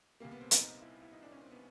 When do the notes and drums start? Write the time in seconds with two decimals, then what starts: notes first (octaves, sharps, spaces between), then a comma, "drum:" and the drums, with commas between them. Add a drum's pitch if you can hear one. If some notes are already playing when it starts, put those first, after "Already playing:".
0.20 C2 A#2 G3 A#3
0.31 B3
0.41 C4
0.51 D#4, drum: hi-hat
0.62 D#4
0.81 E4
1.02 E4
1.12 D#4
1.23 D4
1.32 C#4
1.42 C4
1.50 B3